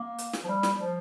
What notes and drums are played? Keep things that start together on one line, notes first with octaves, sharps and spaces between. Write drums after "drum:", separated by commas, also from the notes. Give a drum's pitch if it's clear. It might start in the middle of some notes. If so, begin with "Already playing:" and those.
Already playing: A#3
drum: hi-hat
drum: snare
F3
G3
drum: snare
F3